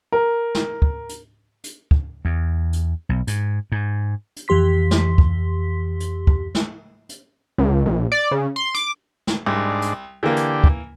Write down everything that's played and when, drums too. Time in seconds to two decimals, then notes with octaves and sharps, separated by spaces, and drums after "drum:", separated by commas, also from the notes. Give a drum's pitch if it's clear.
0.12 A#4
0.55 drum: snare
0.82 drum: kick
1.09 drum: hi-hat
1.64 drum: hi-hat
1.91 drum: kick
2.25 E2
2.73 drum: hi-hat
3.09 B1
3.27 G#2, drum: hi-hat
3.72 G#2
4.36 drum: hi-hat
4.48 F2 E3 G4 C6 B6
4.91 drum: snare
5.18 drum: kick
6.00 drum: hi-hat
6.27 drum: kick
6.55 drum: snare
7.09 drum: hi-hat
7.58 C#2
7.86 A#1
8.12 D5
8.31 C#3
8.56 C6
8.75 D6, drum: hi-hat
9.27 drum: snare
9.46 C2 G#2 D4
9.82 drum: hi-hat
10.23 D3 E3 A#3 G4
10.36 drum: hi-hat
10.64 drum: kick